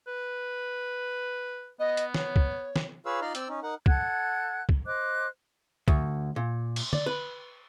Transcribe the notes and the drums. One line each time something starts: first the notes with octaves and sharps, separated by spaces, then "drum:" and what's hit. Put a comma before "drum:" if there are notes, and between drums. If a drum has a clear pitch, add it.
B4
B3 D#5
drum: hi-hat
C#5, drum: snare
drum: kick
drum: snare
F4 G#4 B4 C#5 F5 E6
D#4 F4 D5 F5 A#5 C6
C4 D5 G5 E6, drum: hi-hat
C#4 D#4
D#4 A#4 F#5
A4 F#5 F#6 G#6, drum: kick
drum: kick
C5 D#5 D6 F#6
D2, drum: kick
A#2
drum: cymbal
D5, drum: tom D3
B4